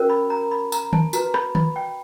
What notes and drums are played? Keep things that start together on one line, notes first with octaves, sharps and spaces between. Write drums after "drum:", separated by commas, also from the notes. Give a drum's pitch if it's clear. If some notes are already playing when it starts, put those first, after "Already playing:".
Already playing: C#4 F#4 A#4
B5
A#5
B5
A#5, drum: tambourine
A5, drum: tom
F#4 B4 A#5, drum: tambourine
B5, drum: rim click
B5, drum: tom
G5